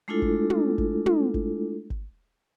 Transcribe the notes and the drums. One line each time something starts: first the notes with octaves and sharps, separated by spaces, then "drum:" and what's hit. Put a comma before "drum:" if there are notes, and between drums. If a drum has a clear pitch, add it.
G#3 A3 D4 E4 F4 A4
drum: kick G#1
drum: tom
drum: kick G#1
drum: tom
drum: kick G#1
drum: kick G#1